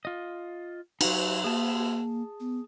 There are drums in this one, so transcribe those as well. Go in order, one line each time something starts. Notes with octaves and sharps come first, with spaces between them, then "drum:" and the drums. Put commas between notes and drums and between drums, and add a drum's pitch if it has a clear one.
F4 D#5
F#3 D#4, drum: cymbal
A#3 G#4 A5
B3